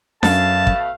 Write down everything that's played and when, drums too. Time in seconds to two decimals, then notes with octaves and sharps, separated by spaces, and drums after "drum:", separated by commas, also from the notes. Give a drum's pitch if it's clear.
0.23 F#2 B2 A3 F5 A5, drum: snare D4
0.67 drum: kick